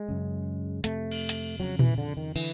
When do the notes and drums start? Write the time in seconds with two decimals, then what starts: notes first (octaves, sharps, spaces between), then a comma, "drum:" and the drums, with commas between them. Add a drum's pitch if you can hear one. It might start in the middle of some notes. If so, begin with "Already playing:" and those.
Already playing: G#3
0.08 F#2 C#3
0.84 F2 C3 A3, drum: hi-hat
1.11 drum: cymbal
1.29 drum: hi-hat
1.60 F2 C#3 F#3
1.79 E3, drum: tom A#2
1.98 D3
2.17 D#3
2.36 D3 E3, drum: cymbal